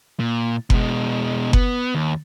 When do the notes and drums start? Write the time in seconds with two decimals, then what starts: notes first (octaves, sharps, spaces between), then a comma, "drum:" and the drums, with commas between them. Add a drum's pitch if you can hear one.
0.20 A#2
0.70 B2 G#3, drum: kick F#1
1.53 B3, drum: kick F#1
1.95 D#2